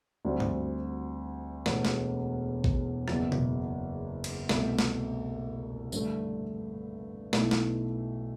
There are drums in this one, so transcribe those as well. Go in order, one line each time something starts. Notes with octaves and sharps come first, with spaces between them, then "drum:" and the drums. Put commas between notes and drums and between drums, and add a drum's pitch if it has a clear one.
D2 D3 G3 C4 F#4
drum: tom G2
E1 E2 B2 A3, drum: snare
drum: snare
drum: kick
F#1 E2 B2, drum: rim click
drum: tom B2
drum: cymbal
C2 B2 A3, drum: snare
drum: snare
G2 D3 A3, drum: tambourine
B1 B2 A3 E4, drum: snare
drum: snare